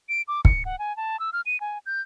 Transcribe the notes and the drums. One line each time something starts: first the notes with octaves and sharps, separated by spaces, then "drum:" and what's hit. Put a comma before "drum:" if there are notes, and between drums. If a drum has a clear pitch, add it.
D7
D6
C#7, drum: kick
F#5
G#5
A5
E6
F6
D#7
G#5
G6